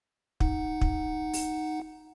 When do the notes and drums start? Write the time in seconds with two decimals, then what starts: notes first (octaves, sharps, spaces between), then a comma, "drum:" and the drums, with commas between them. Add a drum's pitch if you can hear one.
0.40 D#4 F#5, drum: kick
0.81 drum: kick
1.33 drum: open hi-hat